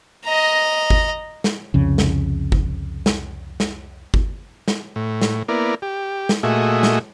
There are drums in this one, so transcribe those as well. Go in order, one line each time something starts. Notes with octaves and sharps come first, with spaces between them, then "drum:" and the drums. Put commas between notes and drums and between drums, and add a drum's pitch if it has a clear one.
D#5 A#5
drum: kick G1
drum: snare
C2 F2 C#3
drum: snare
drum: kick G1
drum: snare
drum: snare
drum: kick G1
drum: snare
A2
drum: snare
A#3 B3 E4 A#4 D5
G4
drum: snare
A#2 A3 F#4 G#4 D#5 E5
drum: snare